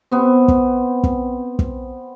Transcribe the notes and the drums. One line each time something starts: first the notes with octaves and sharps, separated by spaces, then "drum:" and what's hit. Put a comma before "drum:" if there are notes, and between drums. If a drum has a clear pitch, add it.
B3 C4
drum: kick
drum: kick
drum: kick